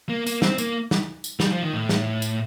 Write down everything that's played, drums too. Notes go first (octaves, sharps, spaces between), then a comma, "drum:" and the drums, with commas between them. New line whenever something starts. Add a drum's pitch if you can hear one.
A#3
A#3, drum: tambourine
C4, drum: snare
A#3, drum: tambourine
drum: snare
drum: tambourine
G3, drum: snare
F3
D#3
A2
drum: snare
drum: tambourine